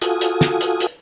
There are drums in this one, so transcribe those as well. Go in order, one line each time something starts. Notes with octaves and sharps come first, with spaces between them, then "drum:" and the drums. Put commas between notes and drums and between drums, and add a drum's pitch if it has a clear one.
F4 F#4 A4 G#5 D#6, drum: hi-hat
drum: hi-hat
drum: snare
drum: hi-hat
drum: hi-hat